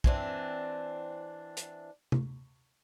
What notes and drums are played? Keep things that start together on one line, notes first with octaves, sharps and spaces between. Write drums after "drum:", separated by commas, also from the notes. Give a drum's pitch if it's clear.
E3 C4 D4, drum: kick
drum: hi-hat
drum: tom C3